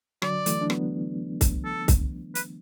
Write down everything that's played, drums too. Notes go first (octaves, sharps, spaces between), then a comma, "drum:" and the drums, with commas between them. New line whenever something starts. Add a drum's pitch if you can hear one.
D3 F#3 D5, drum: rim click
E3 A3, drum: hi-hat
D4
F#3 B3, drum: rim click
drum: kick C2, hi-hat
A4
drum: kick C2, hi-hat
B4, drum: hi-hat